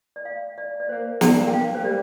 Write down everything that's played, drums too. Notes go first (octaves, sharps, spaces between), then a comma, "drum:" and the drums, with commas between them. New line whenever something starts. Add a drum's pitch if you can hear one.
D5
F5
D5
D5
A#3 C5
D5, drum: snare
A#3
G5
F5
A#3 C5
G3 D5